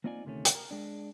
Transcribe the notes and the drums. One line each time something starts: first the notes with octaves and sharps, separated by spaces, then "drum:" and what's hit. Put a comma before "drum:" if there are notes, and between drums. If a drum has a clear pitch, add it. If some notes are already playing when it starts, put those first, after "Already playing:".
A#3 C4 D#4 F4 D5 G#5
D2 C3 D#3 A3 C#4
drum: hi-hat
A#4
G#3 D4